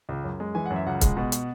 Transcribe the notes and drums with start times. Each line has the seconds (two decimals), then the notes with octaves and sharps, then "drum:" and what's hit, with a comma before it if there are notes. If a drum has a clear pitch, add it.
0.09 C#2
0.24 F#2
0.40 G#3
0.55 E3 G#5
0.66 F#2 F#5
0.76 E5
0.86 C#2 F#5
1.01 G#3, drum: kick C#1, hi-hat
1.17 B2
1.32 drum: hi-hat